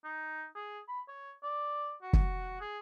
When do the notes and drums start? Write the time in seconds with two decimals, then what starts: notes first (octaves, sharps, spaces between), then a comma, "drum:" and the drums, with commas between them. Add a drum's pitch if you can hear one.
0.04 D#4
0.56 G#4
0.88 B5
1.08 C#5
1.43 D5
2.02 F#4
2.13 drum: kick
2.61 G#4